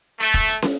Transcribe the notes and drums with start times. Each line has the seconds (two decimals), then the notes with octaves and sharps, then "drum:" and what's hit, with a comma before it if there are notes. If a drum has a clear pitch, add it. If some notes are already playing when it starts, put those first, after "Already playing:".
0.20 A3, drum: hi-hat
0.34 drum: kick E1
0.48 drum: hi-hat
0.62 drum: snare